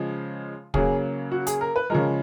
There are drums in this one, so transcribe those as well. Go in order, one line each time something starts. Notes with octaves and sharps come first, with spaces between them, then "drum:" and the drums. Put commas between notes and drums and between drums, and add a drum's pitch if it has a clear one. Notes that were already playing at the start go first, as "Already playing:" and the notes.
Already playing: C#3 F3 G#3
C#3 F#3 A#3 G#4, drum: kick
F#4
G#4, drum: hi-hat
A#4
B4
C#3 F3 G#3 A#4